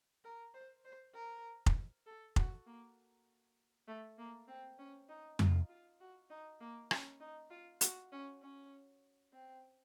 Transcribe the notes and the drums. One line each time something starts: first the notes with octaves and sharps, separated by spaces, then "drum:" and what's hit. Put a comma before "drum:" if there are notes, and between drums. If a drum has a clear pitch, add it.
A#4
C5
C5
A#4
drum: kick F1
A4
F#4, drum: kick F1
A#3
A3
A#3
C4
C#4
D#4
F4, drum: tom F2
F4
F#4
D#4
A#3
C#4, drum: rim click
D#4
F4
F#4, drum: hi-hat
C#4
C#4
C4